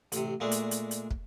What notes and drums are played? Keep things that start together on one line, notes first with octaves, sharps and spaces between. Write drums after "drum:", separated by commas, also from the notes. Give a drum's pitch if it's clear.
A1 C3, drum: hi-hat
A#2 G#3 A3 D4
drum: hi-hat
drum: hi-hat
drum: hi-hat
drum: kick